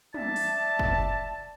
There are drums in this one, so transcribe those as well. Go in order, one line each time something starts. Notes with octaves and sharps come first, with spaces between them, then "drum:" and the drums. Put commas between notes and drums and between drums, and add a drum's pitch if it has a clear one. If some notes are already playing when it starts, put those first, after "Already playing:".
D5 E5 A5, drum: tom
drum: open hi-hat
drum: kick